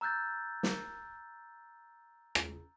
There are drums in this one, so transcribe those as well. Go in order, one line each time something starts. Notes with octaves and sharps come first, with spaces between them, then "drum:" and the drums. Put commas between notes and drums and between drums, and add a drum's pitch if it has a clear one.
A#5 E6 F#6 G6 A6
drum: snare
drum: rim click